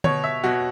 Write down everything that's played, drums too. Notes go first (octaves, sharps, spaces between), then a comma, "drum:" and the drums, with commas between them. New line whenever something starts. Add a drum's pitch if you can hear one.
B2 C#5, drum: tom D3
E5
B2 F#4